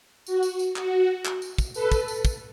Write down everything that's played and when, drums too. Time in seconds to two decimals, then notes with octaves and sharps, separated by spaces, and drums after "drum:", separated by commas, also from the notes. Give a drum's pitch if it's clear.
0.27 F#4, drum: tambourine
0.43 drum: tambourine
0.59 drum: tambourine
0.76 F#4, drum: clap
1.25 drum: clap
1.42 drum: tambourine
1.58 drum: kick, tambourine
1.74 A4 B4, drum: tambourine
1.92 drum: kick, tambourine
2.08 drum: tambourine
2.25 drum: kick, tambourine